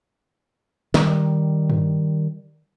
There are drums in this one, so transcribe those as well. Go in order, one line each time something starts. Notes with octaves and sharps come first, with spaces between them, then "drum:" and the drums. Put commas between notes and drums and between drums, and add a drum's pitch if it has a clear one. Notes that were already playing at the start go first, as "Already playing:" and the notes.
D#3 G3, drum: snare
drum: tom G2